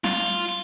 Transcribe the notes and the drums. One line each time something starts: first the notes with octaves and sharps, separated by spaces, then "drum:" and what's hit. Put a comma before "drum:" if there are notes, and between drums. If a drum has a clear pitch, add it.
F4, drum: snare
drum: hi-hat
drum: hi-hat